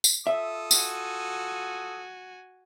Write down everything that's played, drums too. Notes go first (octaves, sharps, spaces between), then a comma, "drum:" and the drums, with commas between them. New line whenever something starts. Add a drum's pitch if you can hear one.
drum: tambourine
F4 A4 E5 D#6
F#4 G#5, drum: tambourine